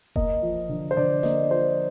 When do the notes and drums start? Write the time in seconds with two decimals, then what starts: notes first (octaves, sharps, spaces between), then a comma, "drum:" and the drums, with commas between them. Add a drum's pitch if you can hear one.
0.16 A#3 D#5, drum: kick F1
0.42 F3
0.69 D3
0.91 C5
0.97 D3 D5
1.23 A#3 D#5, drum: snare
1.50 F3 C5